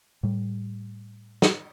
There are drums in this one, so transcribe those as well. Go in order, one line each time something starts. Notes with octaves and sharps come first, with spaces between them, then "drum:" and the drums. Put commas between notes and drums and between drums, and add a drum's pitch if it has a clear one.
A2 G3
drum: snare